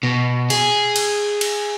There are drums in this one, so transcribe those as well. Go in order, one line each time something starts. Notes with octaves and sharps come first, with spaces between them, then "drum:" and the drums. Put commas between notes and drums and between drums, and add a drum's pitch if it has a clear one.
B2
G#4, drum: cymbal
drum: cymbal
drum: cymbal